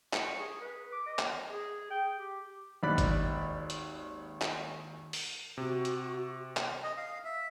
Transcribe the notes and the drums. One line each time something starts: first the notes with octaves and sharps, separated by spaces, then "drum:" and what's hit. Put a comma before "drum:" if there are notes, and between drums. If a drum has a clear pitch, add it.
C#6, drum: clap
G#4
B4
D6
D#5
drum: clap
G#4
G5
G4
G#1 D#2 D5 B5 F#6
drum: kick, hi-hat
drum: hi-hat
drum: clap
drum: open hi-hat
C3 F#4
drum: hi-hat
drum: clap
D#5
F5
E5